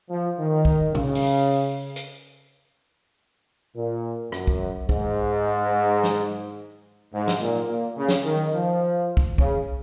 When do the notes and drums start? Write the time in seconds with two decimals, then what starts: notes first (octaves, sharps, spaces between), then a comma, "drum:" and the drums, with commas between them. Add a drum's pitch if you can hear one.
0.11 F3
0.40 D#3
0.65 drum: kick
0.95 C#3, drum: tom A#2
1.15 drum: open hi-hat
1.96 drum: hi-hat
3.76 A#2
4.32 F#2, drum: rim click
4.47 drum: kick
4.89 G#2, drum: kick
6.04 drum: snare
7.14 G#2
7.28 drum: snare
7.41 A#2
7.69 A#2
7.97 C#3
8.08 drum: snare
8.25 D#3
8.54 F3
9.17 drum: kick
9.38 C#3, drum: kick